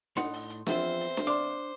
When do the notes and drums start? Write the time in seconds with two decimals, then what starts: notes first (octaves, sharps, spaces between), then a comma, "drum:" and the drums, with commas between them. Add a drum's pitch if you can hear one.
0.17 A2 D#4 F#5 C6, drum: snare D4
0.33 drum: open hi-hat
0.50 drum: hi-hat
0.67 E2 F3 C4 F4 C5 E5, drum: snare D4
1.00 drum: open hi-hat
1.17 drum: snare D4
1.27 D4 F5 C6 D6